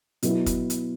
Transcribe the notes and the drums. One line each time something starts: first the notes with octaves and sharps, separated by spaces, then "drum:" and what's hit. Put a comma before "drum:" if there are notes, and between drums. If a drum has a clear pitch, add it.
B2 F#3 B3 E4, drum: hi-hat
drum: kick, hi-hat
drum: hi-hat